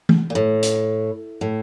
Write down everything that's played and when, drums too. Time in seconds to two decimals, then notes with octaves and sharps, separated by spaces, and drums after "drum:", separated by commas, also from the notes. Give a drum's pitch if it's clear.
0.09 drum: tom E3
0.30 A#2
0.35 A2
0.63 drum: hi-hat
1.41 A2